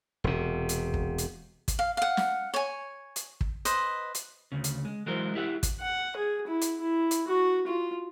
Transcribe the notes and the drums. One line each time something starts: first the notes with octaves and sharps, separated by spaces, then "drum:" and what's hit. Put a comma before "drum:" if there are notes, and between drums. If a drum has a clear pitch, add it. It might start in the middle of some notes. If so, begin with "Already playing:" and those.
E1 C3
drum: hi-hat
drum: kick
drum: hi-hat
drum: kick, hi-hat
F5
F5 F#5
drum: snare
C#5 G#5
drum: hi-hat
drum: kick
B4 C5 D#5, drum: hi-hat
drum: hi-hat
D2 C#3
drum: hi-hat
G#3
E3 F#3 G#3 E4 A#4 C5
E4 G4 E5 F#5
drum: kick, hi-hat
F#5
G#4
E4
drum: hi-hat
E4
drum: hi-hat
F#4
F4